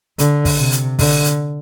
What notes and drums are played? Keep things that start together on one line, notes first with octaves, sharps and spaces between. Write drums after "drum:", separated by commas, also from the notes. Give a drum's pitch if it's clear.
D3, drum: hi-hat
drum: kick, open hi-hat
C3
drum: hi-hat
D3, drum: kick, open hi-hat
drum: hi-hat